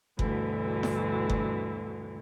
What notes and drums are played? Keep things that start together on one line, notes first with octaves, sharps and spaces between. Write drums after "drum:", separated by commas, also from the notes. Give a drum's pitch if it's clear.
D2 G2 B2 D3 E3, drum: kick F#1
drum: snare E4
drum: kick F#1